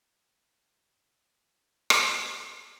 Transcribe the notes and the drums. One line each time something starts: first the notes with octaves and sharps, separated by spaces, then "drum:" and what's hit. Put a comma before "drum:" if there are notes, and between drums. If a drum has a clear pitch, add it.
G5 B5 F#6 G6
drum: rim click